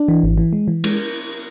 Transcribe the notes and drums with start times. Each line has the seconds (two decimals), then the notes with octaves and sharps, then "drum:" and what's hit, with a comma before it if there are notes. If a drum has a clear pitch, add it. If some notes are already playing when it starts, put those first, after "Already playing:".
Already playing: D4
0.08 E3
0.23 G#1
0.38 E3
0.53 G#3
0.68 E3
0.84 G#3, drum: cymbal